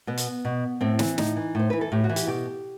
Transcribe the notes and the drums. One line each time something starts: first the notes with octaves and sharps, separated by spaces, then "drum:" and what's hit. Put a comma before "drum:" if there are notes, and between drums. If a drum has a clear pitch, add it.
B2 B3
drum: hi-hat
B2
A2 C4
E3, drum: snare
A2 D#4, drum: snare
E3
A2 C5
E3 B4
A4
A2 G4
F#4
E3
G4, drum: hi-hat
B2 G4